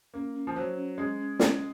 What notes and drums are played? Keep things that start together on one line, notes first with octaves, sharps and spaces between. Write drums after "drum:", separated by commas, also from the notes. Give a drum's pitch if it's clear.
A#3 C#4
C#4
F3
F#3 C5
C#4
G#3 C#4
C#4
C#4, drum: snare